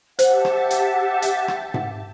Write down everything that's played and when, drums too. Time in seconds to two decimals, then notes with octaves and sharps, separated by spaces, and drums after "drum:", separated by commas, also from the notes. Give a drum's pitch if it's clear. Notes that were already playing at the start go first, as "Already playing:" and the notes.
0.19 G4 C5 E5 F#5 A5, drum: hi-hat
0.45 drum: rim click
0.71 drum: hi-hat
1.22 drum: hi-hat
1.48 drum: rim click
1.74 drum: tom G#2